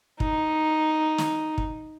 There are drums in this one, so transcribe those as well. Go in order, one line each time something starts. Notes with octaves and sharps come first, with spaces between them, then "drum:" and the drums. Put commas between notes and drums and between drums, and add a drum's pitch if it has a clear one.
D#4, drum: kick
drum: snare
drum: kick